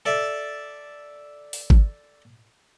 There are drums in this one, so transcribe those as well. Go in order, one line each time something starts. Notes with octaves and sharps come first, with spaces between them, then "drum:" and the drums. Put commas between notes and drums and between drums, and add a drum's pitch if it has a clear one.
A4 D5 E5
drum: open hi-hat
drum: kick G#1